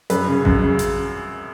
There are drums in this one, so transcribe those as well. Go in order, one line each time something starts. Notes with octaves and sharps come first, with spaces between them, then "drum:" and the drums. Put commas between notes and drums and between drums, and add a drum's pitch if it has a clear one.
F#2 B4, drum: hi-hat
C#3
F#2, drum: kick A1
C#3
drum: hi-hat